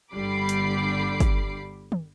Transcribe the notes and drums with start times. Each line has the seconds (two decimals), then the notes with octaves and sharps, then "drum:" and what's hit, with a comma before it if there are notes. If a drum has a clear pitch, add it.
0.13 G1 D3 G3 B5 D6 C7
0.49 drum: hi-hat
1.20 drum: kick, hi-hat
1.92 drum: tom